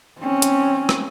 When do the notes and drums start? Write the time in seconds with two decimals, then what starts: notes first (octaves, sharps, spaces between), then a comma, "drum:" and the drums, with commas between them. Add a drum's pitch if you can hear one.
0.19 C4 C#4
0.42 drum: hi-hat
0.89 drum: rim click